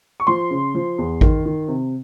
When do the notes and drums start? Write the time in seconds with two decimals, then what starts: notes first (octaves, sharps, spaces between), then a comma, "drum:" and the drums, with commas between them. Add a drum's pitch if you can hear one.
0.20 C#6
0.27 F3 C6
0.50 C#3
0.75 F3
0.98 E2
1.21 D#3, drum: kick A1
1.45 D#3
1.68 C3